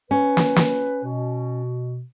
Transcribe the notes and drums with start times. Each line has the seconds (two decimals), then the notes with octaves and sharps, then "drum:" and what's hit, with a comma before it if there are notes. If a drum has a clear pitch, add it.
0.11 C#4 B4
0.37 drum: snare
0.56 drum: snare
1.04 B2